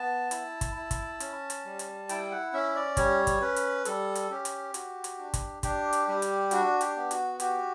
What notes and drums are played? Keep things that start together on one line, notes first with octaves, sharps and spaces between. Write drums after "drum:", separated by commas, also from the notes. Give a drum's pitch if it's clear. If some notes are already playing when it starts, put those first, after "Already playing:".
Already playing: B3 A5
E4, drum: hi-hat
drum: kick, hi-hat
E4
drum: kick, hi-hat
C#4, drum: hi-hat
drum: hi-hat
G3
drum: hi-hat
E4 G5, drum: hi-hat
F#5
C#4 E5
D5
G3 C#5, drum: kick, hi-hat
drum: kick, hi-hat
C#4 B4
drum: hi-hat
G3 A4, drum: hi-hat
drum: hi-hat
C#4 G4
drum: hi-hat
F#4, drum: hi-hat
drum: hi-hat
D4
drum: kick, hi-hat
D4 G4, drum: kick, hi-hat
drum: hi-hat
G3 G4
drum: hi-hat
D4 F#4, drum: hi-hat
G4, drum: hi-hat
B3
F#4, drum: hi-hat
F#4 G4, drum: hi-hat